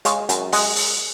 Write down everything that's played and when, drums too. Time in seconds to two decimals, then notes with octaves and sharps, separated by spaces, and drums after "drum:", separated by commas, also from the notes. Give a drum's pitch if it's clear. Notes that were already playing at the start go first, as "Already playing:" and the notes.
0.05 G#3 C#5 F5, drum: hi-hat
0.29 F#2, drum: hi-hat
0.52 G#3 D#5 F#5, drum: open hi-hat
0.76 drum: open hi-hat